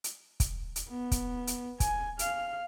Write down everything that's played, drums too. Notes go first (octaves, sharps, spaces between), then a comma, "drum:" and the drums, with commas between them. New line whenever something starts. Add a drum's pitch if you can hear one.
drum: hi-hat
drum: kick, hi-hat
drum: hi-hat
B3
drum: kick, hi-hat
drum: hi-hat
G#5, drum: kick, hi-hat
F5, drum: hi-hat